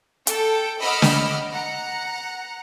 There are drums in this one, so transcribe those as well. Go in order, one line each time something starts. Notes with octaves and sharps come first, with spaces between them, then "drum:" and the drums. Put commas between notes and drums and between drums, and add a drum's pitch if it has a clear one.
A4 G5, drum: hi-hat
D#5 F#5 B5 D6 E6 F6
drum: snare
F#5 A#5